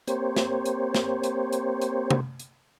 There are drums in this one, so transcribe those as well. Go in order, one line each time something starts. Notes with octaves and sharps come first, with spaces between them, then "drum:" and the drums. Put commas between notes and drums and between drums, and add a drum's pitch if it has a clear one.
A#3 C4 G4 C5 C#5, drum: hi-hat
drum: snare
drum: hi-hat
drum: snare
drum: hi-hat
drum: hi-hat
drum: hi-hat
drum: tom C3
drum: hi-hat